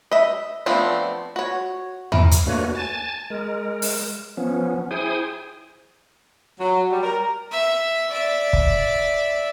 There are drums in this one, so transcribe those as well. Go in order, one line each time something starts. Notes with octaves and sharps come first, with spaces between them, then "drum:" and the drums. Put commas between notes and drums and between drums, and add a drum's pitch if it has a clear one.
D#5 E5
F3 A3 B3 C4 D4
F#4 C#5
E3 A#4, drum: tom
drum: hi-hat
A3 A#3 D4 F#4 B4 C#5
G#5 A5 A6
G#3 A#4
drum: open hi-hat
F3 B3 C#4
E4 G#4 C5 G5 G#5 D#6
F#3
G3
A#4
E5
D5 E5
drum: kick